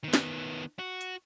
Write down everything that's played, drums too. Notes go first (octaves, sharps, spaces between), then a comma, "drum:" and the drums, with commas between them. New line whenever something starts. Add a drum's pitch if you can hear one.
D#3 B3
drum: snare
F#4
drum: hi-hat